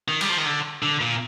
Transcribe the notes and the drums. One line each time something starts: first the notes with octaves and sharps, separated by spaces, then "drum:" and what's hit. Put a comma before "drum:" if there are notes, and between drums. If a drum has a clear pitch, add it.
D#3
G3, drum: cymbal
F3
D#3
D3
D3
A#2